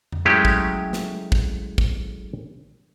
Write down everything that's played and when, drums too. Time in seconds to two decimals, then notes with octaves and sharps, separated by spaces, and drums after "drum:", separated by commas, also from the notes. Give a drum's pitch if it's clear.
0.12 drum: tom F2
0.25 F#3 G#3 A3 C#4 E4 G4
0.45 drum: kick
0.93 drum: snare
1.32 drum: kick
1.78 drum: kick